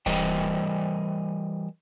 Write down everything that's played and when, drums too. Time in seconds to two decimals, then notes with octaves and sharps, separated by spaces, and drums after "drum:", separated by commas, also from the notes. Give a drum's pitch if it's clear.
0.06 E3 G3 A#4 C5 D#5 G5, drum: kick D1